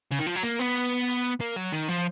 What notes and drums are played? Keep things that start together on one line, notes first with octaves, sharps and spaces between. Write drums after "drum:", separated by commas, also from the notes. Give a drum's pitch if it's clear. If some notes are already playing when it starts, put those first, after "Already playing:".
C#3
D#3
F3
F#3
A#3, drum: hi-hat
B3
drum: hi-hat
drum: hi-hat
A#3
F#3
D#3, drum: hi-hat
F3